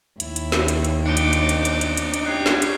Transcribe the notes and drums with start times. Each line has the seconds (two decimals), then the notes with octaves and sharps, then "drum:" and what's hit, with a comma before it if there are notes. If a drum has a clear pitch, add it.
0.20 D#2 E4, drum: hi-hat
0.36 drum: hi-hat
0.52 drum: snare
0.68 drum: hi-hat
0.85 drum: hi-hat
1.06 D4 D#4 C5 D6 C#7 D7 G7
1.17 drum: hi-hat
1.33 drum: hi-hat
1.49 drum: hi-hat
1.65 drum: hi-hat
1.81 drum: hi-hat
1.97 drum: hi-hat
2.14 drum: hi-hat
2.25 G4 C#5 F#6 C7
2.46 drum: snare
2.62 drum: hi-hat